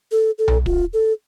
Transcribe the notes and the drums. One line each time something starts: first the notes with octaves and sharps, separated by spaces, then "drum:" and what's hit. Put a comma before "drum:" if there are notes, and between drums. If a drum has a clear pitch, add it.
A4
A4
drum: tom B1
F4, drum: kick
A4